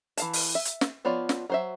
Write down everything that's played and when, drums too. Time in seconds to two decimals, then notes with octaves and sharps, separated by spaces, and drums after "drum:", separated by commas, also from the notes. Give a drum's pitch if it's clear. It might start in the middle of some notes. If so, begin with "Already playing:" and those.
0.17 E3 F5 A5, drum: hi-hat
0.33 drum: open hi-hat
0.55 E5
0.65 drum: hi-hat
0.81 drum: snare
1.05 F3 B3 F4 C#5 D5
1.29 drum: snare
1.50 F#3 C5 E5